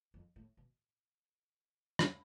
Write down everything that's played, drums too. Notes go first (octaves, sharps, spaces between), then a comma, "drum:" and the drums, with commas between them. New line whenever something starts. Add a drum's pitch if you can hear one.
F2
A2
B2
drum: rim click